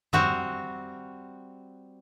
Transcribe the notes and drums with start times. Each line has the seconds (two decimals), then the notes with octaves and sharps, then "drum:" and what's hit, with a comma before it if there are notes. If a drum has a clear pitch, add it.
0.13 G3 C4 F#4 E5, drum: tom F2